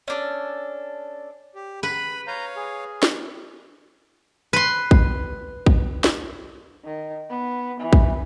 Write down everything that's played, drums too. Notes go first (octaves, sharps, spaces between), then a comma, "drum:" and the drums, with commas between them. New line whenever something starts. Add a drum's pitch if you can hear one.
C#4 D4 A4
G4
B4 B5
C#5 F5 A#5 G6
G#4
drum: snare
B4 C6
drum: kick
drum: kick
drum: snare
D#3
B3
E3
drum: kick